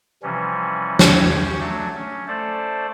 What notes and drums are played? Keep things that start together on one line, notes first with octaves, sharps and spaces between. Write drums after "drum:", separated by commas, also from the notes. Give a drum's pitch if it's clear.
C3 E3 F3 G3 C#4
C#4 G4 C#5, drum: snare
F#3 A3 D4
C#4
A3 A4 C5 D5